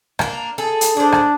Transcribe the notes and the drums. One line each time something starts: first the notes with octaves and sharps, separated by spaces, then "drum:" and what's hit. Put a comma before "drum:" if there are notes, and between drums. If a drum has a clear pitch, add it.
A#3 D4, drum: rim click
G#4 A4
drum: hi-hat
D4 G#4 C5
drum: rim click